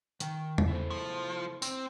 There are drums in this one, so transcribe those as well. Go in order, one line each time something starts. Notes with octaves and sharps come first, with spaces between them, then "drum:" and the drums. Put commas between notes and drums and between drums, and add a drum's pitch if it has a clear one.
D#3 G5, drum: hi-hat
drum: tom E2
E4 A4 C5
F3
C4, drum: tambourine